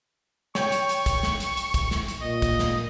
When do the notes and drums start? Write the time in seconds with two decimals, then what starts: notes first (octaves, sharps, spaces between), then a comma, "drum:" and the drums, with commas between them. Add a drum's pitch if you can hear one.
0.55 C#5 G5 C#6, drum: snare
0.72 drum: hi-hat
0.89 drum: hi-hat
1.06 drum: kick, hi-hat
1.23 drum: snare
1.40 drum: hi-hat
1.57 drum: hi-hat
1.74 drum: kick, hi-hat
1.91 drum: snare
2.08 drum: hi-hat
2.21 A#2 D#5
2.42 drum: kick, hi-hat
2.59 drum: snare